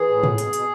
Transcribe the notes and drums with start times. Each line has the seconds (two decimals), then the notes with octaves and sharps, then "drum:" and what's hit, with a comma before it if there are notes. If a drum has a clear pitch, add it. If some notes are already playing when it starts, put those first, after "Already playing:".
Already playing: E3 G#4
0.09 A2
0.23 B2, drum: tom
0.38 B2, drum: hi-hat
0.53 B2, drum: hi-hat